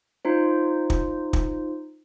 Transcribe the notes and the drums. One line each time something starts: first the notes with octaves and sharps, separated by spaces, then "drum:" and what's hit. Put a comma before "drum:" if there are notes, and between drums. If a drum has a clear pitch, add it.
D#4 F4 C5
drum: kick
drum: kick